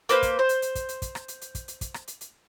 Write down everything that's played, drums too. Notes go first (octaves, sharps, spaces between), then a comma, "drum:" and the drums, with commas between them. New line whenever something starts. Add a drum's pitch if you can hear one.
A#3 B4 C5, drum: hi-hat
drum: kick, hi-hat
C5
drum: hi-hat
drum: hi-hat
drum: kick, hi-hat
drum: hi-hat
drum: kick, hi-hat
drum: rim click
drum: hi-hat
drum: hi-hat
drum: kick, hi-hat
drum: hi-hat
drum: kick, hi-hat
drum: rim click
drum: hi-hat
drum: hi-hat